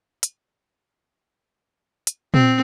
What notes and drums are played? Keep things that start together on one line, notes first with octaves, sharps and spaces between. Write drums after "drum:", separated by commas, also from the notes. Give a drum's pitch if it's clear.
drum: hi-hat
drum: hi-hat
C4, drum: tom A#2